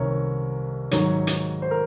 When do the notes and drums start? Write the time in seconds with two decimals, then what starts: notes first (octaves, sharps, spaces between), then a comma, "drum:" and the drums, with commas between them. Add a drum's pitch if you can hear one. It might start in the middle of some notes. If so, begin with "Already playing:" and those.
Already playing: C2 C3 D#3 A#4 C#5
0.91 G#2 D#3 F#3 C#5, drum: hi-hat
1.27 drum: hi-hat
1.62 C5
1.71 A#4